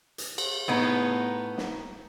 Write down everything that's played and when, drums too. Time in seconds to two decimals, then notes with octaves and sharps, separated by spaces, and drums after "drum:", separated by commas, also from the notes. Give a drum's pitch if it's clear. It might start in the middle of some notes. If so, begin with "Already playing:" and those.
0.18 drum: hi-hat
0.38 drum: cymbal
0.68 A2 B3 D#4
1.58 drum: snare